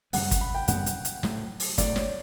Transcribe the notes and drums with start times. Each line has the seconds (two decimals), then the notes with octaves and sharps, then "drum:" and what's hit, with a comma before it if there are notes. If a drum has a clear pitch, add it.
0.13 F#2 C#3 G3 B3 F#5, drum: open hi-hat
0.31 drum: kick G1, hi-hat
0.41 B5
0.55 G5
0.68 F#2 C#3 G3 B3 F#5, drum: hi-hat
0.86 drum: hi-hat
1.05 drum: hi-hat
1.23 A2 F#3 A3, drum: snare
1.60 drum: open hi-hat
1.78 A2 F#3 A3 D5, drum: kick G1, hi-hat
1.96 C#5, drum: snare